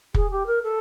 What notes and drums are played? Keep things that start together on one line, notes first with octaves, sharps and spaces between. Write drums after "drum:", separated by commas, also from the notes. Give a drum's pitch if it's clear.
G#4, drum: kick
G4
A#4
A4